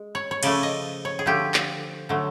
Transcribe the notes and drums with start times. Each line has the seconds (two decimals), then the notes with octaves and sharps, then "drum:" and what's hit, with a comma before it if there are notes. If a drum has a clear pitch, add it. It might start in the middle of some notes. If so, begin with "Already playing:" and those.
Already playing: G#3
0.15 C#5
0.31 C#5
0.43 C#3 F3 A3 D5, drum: cymbal
0.63 D#5
1.05 C#5
1.19 G#4
1.26 D3 F3 A3 G4
1.54 drum: clap
2.09 D3 F#3 A3